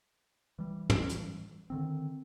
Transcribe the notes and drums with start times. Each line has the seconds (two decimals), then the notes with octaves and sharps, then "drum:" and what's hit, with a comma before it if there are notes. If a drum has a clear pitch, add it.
0.59 E3 G3
0.90 drum: tom
1.09 drum: hi-hat
1.70 D3 D#3 C4